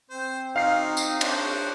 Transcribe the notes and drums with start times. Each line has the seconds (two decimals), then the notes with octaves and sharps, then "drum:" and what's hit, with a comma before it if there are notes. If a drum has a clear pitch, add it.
0.10 C4 C5
0.56 F#3 D#4 F4 F5 C7
0.97 drum: tambourine
1.21 D4 F#4 C5, drum: cymbal